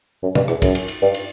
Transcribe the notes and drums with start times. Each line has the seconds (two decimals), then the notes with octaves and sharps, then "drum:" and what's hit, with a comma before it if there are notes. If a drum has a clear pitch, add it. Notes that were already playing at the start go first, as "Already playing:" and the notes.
0.22 F#2
0.35 G2, drum: tom
0.48 E2, drum: rim click
0.62 F#2, drum: kick, cymbal
0.75 drum: cymbal
0.88 drum: cymbal
1.02 G2
1.15 drum: cymbal